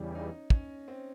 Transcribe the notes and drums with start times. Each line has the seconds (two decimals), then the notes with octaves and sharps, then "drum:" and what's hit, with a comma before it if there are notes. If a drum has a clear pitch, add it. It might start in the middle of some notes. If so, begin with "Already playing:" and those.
Already playing: E2 C#3 E3 G3 C#4
0.15 D#4
0.50 C#4, drum: kick
0.88 C4